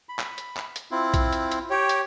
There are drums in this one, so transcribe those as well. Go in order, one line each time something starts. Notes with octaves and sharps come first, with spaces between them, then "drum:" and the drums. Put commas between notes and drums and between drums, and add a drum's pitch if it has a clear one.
B5
drum: clap
drum: hi-hat
drum: clap
drum: hi-hat
C4 E4 F4
drum: kick B1, hi-hat
drum: hi-hat
drum: hi-hat
G4 C#5 G5
drum: hi-hat